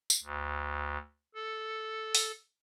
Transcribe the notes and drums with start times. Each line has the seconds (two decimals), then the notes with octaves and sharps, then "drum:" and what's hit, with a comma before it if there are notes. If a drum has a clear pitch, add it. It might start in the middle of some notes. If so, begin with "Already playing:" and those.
0.10 drum: tambourine
0.23 D2
1.35 A4
2.15 drum: open hi-hat